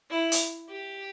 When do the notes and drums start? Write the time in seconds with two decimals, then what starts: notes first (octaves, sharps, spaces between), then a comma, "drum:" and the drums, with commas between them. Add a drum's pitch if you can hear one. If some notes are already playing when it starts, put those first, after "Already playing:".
0.10 E4
0.32 drum: hi-hat
0.69 G4